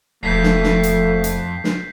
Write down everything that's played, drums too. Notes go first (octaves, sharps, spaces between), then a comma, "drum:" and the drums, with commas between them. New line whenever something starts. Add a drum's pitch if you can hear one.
E1 F2 A3 G6 B6 C7
drum: snare
drum: snare
drum: hi-hat
drum: hi-hat
drum: snare